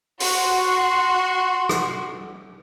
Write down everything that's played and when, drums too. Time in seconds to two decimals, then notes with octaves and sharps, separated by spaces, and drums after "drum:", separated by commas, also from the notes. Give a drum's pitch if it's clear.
0.20 F#4 C6, drum: open hi-hat
1.69 drum: rim click